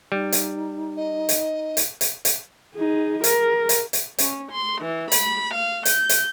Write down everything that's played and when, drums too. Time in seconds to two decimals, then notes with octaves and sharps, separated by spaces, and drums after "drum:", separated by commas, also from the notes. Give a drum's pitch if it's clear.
0.12 G3 D#4
0.32 drum: hi-hat
0.97 D#5
1.29 drum: hi-hat
1.77 drum: hi-hat
2.01 drum: hi-hat
2.25 drum: hi-hat
2.76 D#4 G#4
3.24 G#4 A#4, drum: hi-hat
3.69 drum: hi-hat
3.93 drum: hi-hat
4.18 C#4, drum: hi-hat
4.52 C6
4.81 E3
5.12 B5, drum: hi-hat
5.54 F5
5.85 G6, drum: hi-hat
6.09 drum: hi-hat